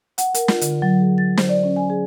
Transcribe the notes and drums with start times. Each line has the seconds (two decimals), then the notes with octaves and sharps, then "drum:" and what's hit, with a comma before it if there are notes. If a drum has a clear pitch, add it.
0.18 F#5, drum: hi-hat
0.34 A#4, drum: hi-hat
0.48 F4, drum: snare
0.61 D3, drum: hi-hat
0.82 F#3
1.00 G#4
1.18 A6
1.37 C5, drum: snare
1.49 D5
1.64 C#4
1.76 G#5
1.90 G#4